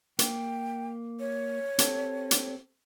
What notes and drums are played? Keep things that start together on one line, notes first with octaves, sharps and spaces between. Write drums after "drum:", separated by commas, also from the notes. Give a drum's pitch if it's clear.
A#3 G5, drum: hi-hat
C#5
C4 G4 A4, drum: hi-hat
drum: hi-hat